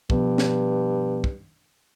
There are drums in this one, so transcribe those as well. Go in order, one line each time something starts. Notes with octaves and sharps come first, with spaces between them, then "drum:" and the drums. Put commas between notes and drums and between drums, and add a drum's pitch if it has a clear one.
G2 B2 F3 B3, drum: kick
drum: snare
drum: kick